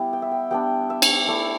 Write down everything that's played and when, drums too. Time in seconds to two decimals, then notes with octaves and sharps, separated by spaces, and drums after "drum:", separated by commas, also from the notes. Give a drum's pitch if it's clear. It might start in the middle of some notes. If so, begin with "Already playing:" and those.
Already playing: G3 B3 E4
0.13 G5
0.22 E5
0.31 G5
0.51 G3 B3 D4 G5
0.90 E5
1.02 drum: cymbal
1.28 A3 E4 D5